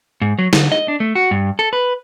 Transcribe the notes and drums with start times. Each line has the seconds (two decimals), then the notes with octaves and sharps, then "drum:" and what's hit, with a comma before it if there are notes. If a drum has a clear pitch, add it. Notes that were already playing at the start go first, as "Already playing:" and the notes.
0.22 G#2
0.39 F#3
0.53 D3, drum: snare
0.72 D#5
0.88 D4
1.00 A3
1.15 F#4
1.31 G2
1.59 A4
1.73 B4